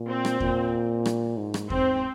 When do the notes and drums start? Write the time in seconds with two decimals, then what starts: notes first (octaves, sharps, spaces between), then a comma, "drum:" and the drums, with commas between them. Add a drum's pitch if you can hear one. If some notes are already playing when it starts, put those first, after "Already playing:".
Already playing: A#2
0.08 C4
0.25 drum: rim click
0.40 A#2, drum: kick E2
1.06 drum: rim click
1.37 G#2
1.54 drum: rim click
1.70 G#2 C4, drum: kick E2